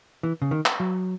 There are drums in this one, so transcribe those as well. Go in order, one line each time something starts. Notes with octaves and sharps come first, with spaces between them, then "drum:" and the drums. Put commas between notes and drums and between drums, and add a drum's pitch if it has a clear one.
E3
C#3
D#3
drum: clap
F#3